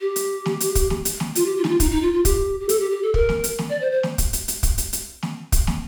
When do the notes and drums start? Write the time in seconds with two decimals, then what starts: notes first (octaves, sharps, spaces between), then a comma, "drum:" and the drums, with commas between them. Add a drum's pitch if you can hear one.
0.01 G4
0.16 drum: hi-hat
0.46 drum: snare
0.60 drum: hi-hat
0.75 drum: kick, hi-hat
0.90 drum: snare
1.05 drum: hi-hat
1.20 drum: snare
1.35 F4, drum: hi-hat
1.46 G4
1.57 F4
1.64 D#4, drum: snare
1.69 F4
1.80 D#4, drum: kick, hi-hat
1.91 D#4
2.02 F4
2.13 F4
2.25 G4, drum: kick, hi-hat
2.60 G4
2.69 A4, drum: hi-hat
2.80 G4
2.91 G4
3.03 A4
3.14 A#4, drum: kick
3.29 drum: snare
3.44 drum: hi-hat
3.59 drum: snare
3.70 D5
3.81 C5
3.92 C5
4.03 drum: snare
4.18 drum: kick, hi-hat
4.33 drum: hi-hat
4.48 drum: hi-hat
4.63 drum: kick, hi-hat
4.78 drum: hi-hat
4.93 drum: hi-hat
5.23 drum: snare
5.52 drum: kick, hi-hat
5.67 drum: snare